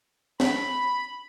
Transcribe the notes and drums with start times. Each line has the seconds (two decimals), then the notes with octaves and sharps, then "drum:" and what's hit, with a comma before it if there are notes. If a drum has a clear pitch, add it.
0.40 B5, drum: snare